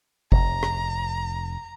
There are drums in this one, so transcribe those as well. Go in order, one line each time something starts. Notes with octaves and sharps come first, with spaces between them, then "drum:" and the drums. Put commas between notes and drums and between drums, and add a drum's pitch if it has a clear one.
F1 A#5, drum: kick
drum: rim click